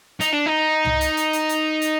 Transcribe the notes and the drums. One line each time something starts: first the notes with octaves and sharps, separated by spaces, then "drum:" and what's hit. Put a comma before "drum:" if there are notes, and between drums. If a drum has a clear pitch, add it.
D#4, drum: hi-hat
D4
D#4
drum: tom C2
drum: hi-hat
drum: hi-hat
drum: hi-hat
drum: hi-hat
drum: hi-hat